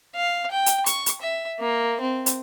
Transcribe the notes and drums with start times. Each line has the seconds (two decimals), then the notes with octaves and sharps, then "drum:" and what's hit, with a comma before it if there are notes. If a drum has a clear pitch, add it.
0.16 F5
0.51 G5
0.66 drum: hi-hat
0.86 C#6, drum: hi-hat
1.06 drum: hi-hat
1.21 E5
1.60 A#3
2.01 C4
2.26 drum: hi-hat